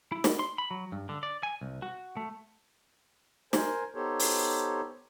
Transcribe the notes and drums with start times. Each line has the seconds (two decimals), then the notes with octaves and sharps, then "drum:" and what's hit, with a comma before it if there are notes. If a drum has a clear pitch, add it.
0.12 E4
0.24 drum: snare
0.39 C6
0.58 B5
0.71 F#3
0.92 G2
1.09 D3
1.23 D5
1.43 G#5
1.61 C2
1.82 F#4
2.17 A3
3.53 A#4 C5 G#5, drum: snare
3.95 B3 D#4 G4 A4 C5 C#5
4.19 drum: open hi-hat